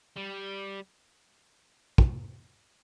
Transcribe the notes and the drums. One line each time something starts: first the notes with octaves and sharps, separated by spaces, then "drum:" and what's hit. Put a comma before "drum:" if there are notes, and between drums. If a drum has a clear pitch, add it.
G3
drum: kick